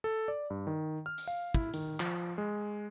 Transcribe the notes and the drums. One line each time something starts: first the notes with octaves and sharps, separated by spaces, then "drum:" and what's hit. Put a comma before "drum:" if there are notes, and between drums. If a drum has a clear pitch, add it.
A4
D5
G2
D#3
F6
drum: hi-hat
F5
E4, drum: kick
D#3, drum: hi-hat
F3, drum: clap
G#3